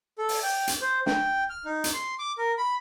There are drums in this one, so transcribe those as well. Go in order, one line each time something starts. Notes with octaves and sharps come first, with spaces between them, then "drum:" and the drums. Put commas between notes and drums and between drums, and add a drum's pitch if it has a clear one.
A4
drum: open hi-hat
G5
drum: hi-hat
C5
G5, drum: snare
F6
D#4
drum: hi-hat
C6
D6
A#4
B5